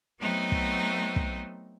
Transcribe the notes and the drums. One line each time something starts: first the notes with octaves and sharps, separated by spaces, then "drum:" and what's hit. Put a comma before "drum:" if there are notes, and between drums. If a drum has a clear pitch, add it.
F#3 A3 B3 C4 D#4
drum: kick
drum: kick